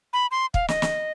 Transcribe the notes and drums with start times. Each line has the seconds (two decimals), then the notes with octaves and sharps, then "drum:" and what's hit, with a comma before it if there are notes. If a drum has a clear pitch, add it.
0.13 B5
0.31 C6
0.54 F5, drum: kick
0.68 D#5, drum: snare
0.82 drum: snare